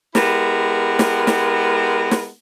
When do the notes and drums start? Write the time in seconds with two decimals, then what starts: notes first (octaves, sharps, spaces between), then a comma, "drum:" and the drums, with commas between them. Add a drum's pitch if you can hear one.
0.15 G#3 B3 E4 G4 A#4, drum: snare
0.99 drum: snare
1.27 drum: snare
2.11 drum: snare